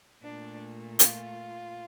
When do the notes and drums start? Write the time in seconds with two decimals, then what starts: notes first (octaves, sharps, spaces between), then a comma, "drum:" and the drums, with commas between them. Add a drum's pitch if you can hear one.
0.23 A#2 A3 D4
0.99 F4, drum: hi-hat